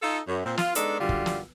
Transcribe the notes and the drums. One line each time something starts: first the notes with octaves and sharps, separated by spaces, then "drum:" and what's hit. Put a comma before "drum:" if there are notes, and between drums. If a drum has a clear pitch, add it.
D#4 F4 A4
F#2
A#2 C4
F4, drum: snare
G#3 B3 D4 D#4 A4, drum: hi-hat
F#2 D3 G3 F4
drum: kick
drum: snare